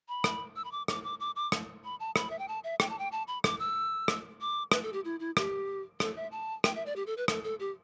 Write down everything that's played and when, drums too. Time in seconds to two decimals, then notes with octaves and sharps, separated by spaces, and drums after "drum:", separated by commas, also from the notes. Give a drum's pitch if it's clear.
0.08 B5
0.24 drum: rim click
0.56 E6
0.64 B5
0.72 D6
0.88 D6, drum: rim click
1.04 D6
1.20 D6
1.36 D6
1.52 drum: rim click
1.84 B5
2.00 A5
2.16 B5, drum: rim click
2.30 E5
2.39 G5
2.48 A5
2.64 E5
2.80 G5, drum: rim click
2.89 A5
2.99 G5
3.12 A5
3.28 B5
3.44 D6, drum: rim click
3.60 E6
4.08 drum: rim click
4.41 D6
4.72 B4, drum: rim click
4.83 A4
4.93 G4
5.05 E4
5.20 E4
5.37 G4, drum: rim click
6.00 A4, drum: rim click
6.16 E5
6.32 A5
6.64 G5, drum: rim click
6.75 E5
6.86 D5
6.96 G4
7.07 A4
7.17 B4
7.28 A4, drum: rim click
7.44 A4
7.60 G4